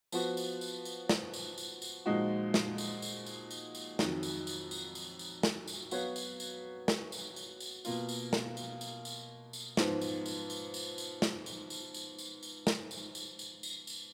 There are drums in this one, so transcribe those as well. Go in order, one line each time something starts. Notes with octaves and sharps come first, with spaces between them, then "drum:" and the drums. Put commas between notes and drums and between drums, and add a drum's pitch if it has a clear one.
F3 B3 F#4, drum: tambourine
drum: tambourine
drum: tambourine
drum: tambourine
drum: snare
drum: tambourine
drum: tambourine
drum: tambourine
A#2 F3 G#3 D#4 F#4
drum: snare
drum: tambourine
drum: tambourine
drum: tambourine
drum: tambourine
drum: tambourine
F2 D#3 F#3, drum: snare
drum: tambourine
drum: tambourine
drum: tambourine
drum: tambourine
drum: tambourine
drum: snare
drum: tambourine
F#3 B3 F#4 C#5 F5, drum: tambourine
drum: tambourine
drum: tambourine
drum: snare
drum: tambourine
drum: tambourine
drum: tambourine
B2 A#3 F4, drum: tambourine
drum: tambourine
drum: snare
drum: tambourine
drum: tambourine
drum: tambourine
drum: tambourine
G#2 F3 B3, drum: snare
drum: tambourine
drum: tambourine
drum: tambourine
drum: tambourine
drum: tambourine
drum: snare
drum: tambourine
drum: tambourine
drum: tambourine
drum: tambourine
drum: tambourine
drum: snare
drum: tambourine
drum: tambourine
drum: tambourine
drum: tambourine
drum: tambourine